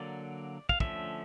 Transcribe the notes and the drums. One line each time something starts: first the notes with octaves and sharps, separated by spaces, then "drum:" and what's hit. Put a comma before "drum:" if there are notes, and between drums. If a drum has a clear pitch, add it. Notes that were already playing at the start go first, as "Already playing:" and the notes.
Already playing: D3 F#3 A#3 D5
F5, drum: kick
D3 F3 A3 C#4 E5, drum: kick